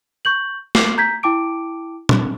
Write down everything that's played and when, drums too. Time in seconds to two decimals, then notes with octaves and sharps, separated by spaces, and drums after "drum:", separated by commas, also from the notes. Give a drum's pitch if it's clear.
0.25 C#6 G6 F#7
0.75 D6 C7, drum: snare
0.98 A#5 G6 G#6 B6
1.23 E4 G5 A5 D6 D7
2.09 drum: tom